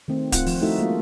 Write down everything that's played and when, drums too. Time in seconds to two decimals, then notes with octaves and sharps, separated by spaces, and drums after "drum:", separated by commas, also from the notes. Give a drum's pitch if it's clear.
0.08 D#3 A3 C4
0.32 C4 F4 F#5, drum: kick D1, hi-hat
0.46 F3, drum: open hi-hat
0.62 A3 D#4 E4 F#4 A4 E5
0.79 G#3 A#3 F4